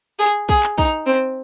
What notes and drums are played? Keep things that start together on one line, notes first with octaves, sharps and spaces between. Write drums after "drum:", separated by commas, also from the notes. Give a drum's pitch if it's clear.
G#4
G#4, drum: kick
drum: clap
D#4, drum: kick
C4